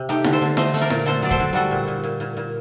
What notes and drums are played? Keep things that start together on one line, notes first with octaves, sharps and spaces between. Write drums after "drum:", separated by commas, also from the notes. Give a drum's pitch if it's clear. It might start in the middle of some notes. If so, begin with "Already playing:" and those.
Already playing: C3
A3 D#4 G4
D3, drum: snare E4
A4 C5
D3
A3 C5 D#5, drum: snare E4
A3, drum: hi-hat
A#4 D5
A#2, drum: snare E4
D3 A4 C5
F#3 D5
A4 C5, drum: kick
D3
G3 F#4 A4
A#2
A#2
A#2
A#2
A#2